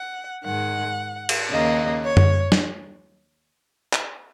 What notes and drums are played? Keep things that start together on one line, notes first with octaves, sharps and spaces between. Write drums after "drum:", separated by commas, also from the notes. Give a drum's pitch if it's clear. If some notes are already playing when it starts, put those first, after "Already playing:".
Already playing: F#5
G#2 D#3 G#3 F#5
drum: cymbal
D#2 C#3 A#3 D#5
C#5
drum: tom F#2
drum: snare
drum: clap